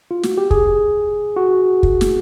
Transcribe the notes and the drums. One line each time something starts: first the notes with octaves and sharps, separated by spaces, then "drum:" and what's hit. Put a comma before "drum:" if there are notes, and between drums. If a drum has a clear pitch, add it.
F4
F#4, drum: snare
G4
G#4, drum: kick
F#4
drum: kick
drum: snare